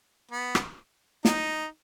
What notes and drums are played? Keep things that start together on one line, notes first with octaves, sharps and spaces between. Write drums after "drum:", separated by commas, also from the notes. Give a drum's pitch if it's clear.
B3
drum: rim click
D#4, drum: snare